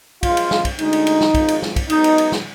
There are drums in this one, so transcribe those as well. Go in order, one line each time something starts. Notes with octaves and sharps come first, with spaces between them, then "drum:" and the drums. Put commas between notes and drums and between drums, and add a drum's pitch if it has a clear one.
F#2 F3 G#3 F4, drum: kick, cymbal
drum: cymbal
drum: snare
drum: kick, cymbal
D2 D3 G#3 D#4, drum: cymbal
drum: cymbal
drum: cymbal
drum: snare
G#1 G#2 F3, drum: kick, cymbal
drum: cymbal
drum: snare
drum: kick, cymbal
B1 B2 G#3 D#4, drum: cymbal
drum: cymbal
drum: cymbal
drum: snare